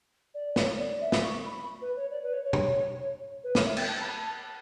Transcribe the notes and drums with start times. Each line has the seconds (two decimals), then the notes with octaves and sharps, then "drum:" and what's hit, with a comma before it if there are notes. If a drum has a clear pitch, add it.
0.34 D5
0.56 C#5, drum: snare
0.78 D5
1.01 E5
1.12 drum: snare
1.23 C#6
1.45 B5
1.81 B4
1.96 C#5
2.11 D5
2.23 B4
2.33 C#5
2.44 C#5
2.53 drum: tom B2
3.44 B4
3.55 C#5, drum: snare
3.66 E5
3.77 G5, drum: cymbal
3.88 A5
4.01 B5
4.10 A5